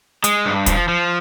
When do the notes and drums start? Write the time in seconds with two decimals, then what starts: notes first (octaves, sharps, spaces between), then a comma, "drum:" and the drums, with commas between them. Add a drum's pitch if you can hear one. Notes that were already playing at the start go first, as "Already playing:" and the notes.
0.24 G#3, drum: hi-hat
0.46 G2
0.66 F3, drum: kick, hi-hat
0.88 F3